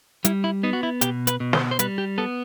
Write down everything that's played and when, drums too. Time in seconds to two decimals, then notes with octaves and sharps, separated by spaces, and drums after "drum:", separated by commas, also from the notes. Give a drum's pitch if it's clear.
0.25 G3 E4, drum: hi-hat
0.44 E4
0.63 B3 D#4
0.73 F#4
0.83 E4
1.01 B2 G4, drum: hi-hat
1.27 B4, drum: hi-hat
1.40 B2
1.53 C5, drum: snare
1.71 C5
1.79 G3 B4, drum: hi-hat
1.98 G4
2.18 B3 A4